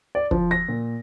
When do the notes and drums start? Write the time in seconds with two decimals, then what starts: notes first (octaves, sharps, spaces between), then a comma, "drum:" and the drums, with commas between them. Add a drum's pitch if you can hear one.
0.15 D5
0.31 F3, drum: kick
0.51 A#6
0.69 A#2